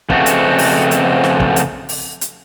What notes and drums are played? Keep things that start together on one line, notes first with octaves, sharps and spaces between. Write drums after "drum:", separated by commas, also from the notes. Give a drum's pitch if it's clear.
F2 C#3 A3 B3 C4 F#4, drum: kick
drum: hi-hat
drum: open hi-hat
drum: hi-hat
drum: snare
drum: kick
drum: hi-hat
drum: open hi-hat
drum: hi-hat